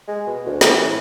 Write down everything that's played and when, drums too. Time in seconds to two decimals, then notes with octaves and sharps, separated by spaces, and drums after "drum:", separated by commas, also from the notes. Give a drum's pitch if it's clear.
0.08 G#3
0.27 B2
0.46 D2
0.61 E3, drum: snare
0.86 A2